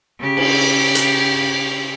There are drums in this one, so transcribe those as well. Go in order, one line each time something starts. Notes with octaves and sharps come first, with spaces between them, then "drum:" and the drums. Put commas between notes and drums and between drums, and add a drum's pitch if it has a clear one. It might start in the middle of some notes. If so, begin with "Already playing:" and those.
C#3 G4
drum: cymbal
drum: hi-hat